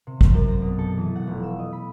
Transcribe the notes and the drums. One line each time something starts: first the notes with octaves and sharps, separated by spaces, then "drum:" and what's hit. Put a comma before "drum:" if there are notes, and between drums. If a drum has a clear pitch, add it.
C3
C5, drum: kick G#1
F#2
A#6
B2
A4
E3
F#5
F1
E6
D#5
B5